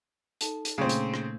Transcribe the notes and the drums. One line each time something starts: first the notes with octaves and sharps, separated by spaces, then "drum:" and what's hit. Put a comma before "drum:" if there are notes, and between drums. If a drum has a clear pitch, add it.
D#4 A4 A5, drum: hi-hat
drum: hi-hat
A#2 C#3 A3 A#3 C4
drum: hi-hat
drum: rim click